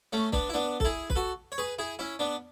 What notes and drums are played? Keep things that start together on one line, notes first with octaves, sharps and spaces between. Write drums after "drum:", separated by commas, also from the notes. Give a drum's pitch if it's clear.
A3 C#4
B3 D4, drum: kick
E4
B3 D4
A4, drum: kick
E4 G#4
B4, drum: kick
F#4 A4
C#5
G#4 B4
E4 G#4
C#4 E4
B3 D4